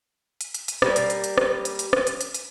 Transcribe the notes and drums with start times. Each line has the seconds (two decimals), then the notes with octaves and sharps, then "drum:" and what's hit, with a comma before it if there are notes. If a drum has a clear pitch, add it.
0.41 drum: hi-hat
0.54 drum: hi-hat
0.68 drum: hi-hat
0.82 G3 A#3, drum: rim click
0.96 drum: hi-hat
1.10 drum: hi-hat
1.24 drum: hi-hat
1.38 drum: rim click
1.65 drum: hi-hat
1.79 drum: hi-hat
1.93 drum: rim click
2.07 drum: hi-hat
2.21 drum: hi-hat
2.34 drum: hi-hat